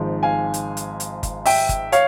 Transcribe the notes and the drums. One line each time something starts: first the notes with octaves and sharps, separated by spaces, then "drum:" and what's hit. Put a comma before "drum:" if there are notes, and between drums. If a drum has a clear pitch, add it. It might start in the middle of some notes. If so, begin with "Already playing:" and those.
Already playing: G#1 G#2 F3
F5 G#5
drum: hi-hat
drum: hi-hat
drum: hi-hat
drum: kick G1, hi-hat
E5 G5, drum: open hi-hat
drum: kick G1, hi-hat
C#5 F5, drum: hi-hat